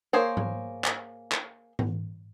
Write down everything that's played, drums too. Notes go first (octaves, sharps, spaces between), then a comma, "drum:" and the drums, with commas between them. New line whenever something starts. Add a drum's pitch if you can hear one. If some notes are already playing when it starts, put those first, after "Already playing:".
A#3 G#4 C5 C#5
drum: tom G#2
drum: clap
drum: clap
drum: tom G#2